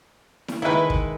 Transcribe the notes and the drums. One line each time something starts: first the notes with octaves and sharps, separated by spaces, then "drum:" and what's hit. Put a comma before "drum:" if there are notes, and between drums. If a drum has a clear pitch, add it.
drum: snare E4
D#3 G#3 E4 B4
drum: kick